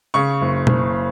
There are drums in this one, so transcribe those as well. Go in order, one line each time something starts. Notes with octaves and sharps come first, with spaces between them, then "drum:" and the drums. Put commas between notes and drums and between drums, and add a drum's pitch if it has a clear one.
C#3 C#6
F#1
F#1, drum: tom B2